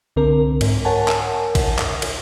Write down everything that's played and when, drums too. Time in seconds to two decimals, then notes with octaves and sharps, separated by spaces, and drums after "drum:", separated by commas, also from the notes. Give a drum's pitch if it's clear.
0.16 C2 D3 C4 A#4
0.61 G#2, drum: cymbal
0.85 A#4 C#5 F#5 G#5 A5
1.08 drum: clap
1.55 drum: kick A1, cymbal
1.79 drum: clap
2.02 drum: cymbal